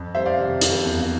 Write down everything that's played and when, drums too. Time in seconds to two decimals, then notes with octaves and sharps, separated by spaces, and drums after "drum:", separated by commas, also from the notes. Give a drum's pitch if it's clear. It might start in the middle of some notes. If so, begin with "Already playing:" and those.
Already playing: F2
0.15 G3 C5 E5
0.26 D5 F5
0.38 C3
0.61 F2, drum: hi-hat
0.84 E2